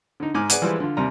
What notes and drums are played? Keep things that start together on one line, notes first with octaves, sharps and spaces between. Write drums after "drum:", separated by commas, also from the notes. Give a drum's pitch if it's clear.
D3 D#4
G#2 D#4 G#5 D6 F6
G#4 B4 D5 F#5 G#5, drum: hi-hat
E3 F3 G3 G#3 B4
D3 F4
D#2 C3 G3 A#5